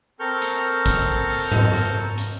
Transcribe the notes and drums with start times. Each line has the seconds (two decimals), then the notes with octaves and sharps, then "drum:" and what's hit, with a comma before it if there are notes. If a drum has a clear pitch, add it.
0.20 C4 A4 A#4 C#6 F6 G6
0.42 drum: hi-hat
0.86 drum: kick, hi-hat
1.30 drum: open hi-hat
1.52 drum: tom G#2
1.74 drum: rim click
2.17 drum: hi-hat